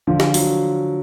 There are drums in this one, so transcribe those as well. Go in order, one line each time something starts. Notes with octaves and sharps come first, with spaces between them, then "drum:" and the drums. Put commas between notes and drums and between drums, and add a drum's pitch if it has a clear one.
D3 F3
drum: snare
F#3, drum: open hi-hat